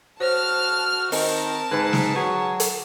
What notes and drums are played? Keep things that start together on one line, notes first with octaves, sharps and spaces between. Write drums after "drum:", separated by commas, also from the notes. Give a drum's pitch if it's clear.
F#4 C5 C#5 A5 F6
D#3 C4 A#4 D#5 A5, drum: open hi-hat
G#2 D3 B4
drum: snare
F#3 G#4
drum: hi-hat